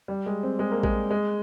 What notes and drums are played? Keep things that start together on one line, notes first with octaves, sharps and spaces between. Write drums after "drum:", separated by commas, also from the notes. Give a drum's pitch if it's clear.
G3
G#3
C4
G#3
A#3
G#3, drum: kick A1
G#3